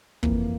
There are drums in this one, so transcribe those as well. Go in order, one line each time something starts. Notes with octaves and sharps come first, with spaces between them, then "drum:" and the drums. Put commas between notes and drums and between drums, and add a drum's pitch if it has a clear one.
G1 F2 E3 A#3, drum: kick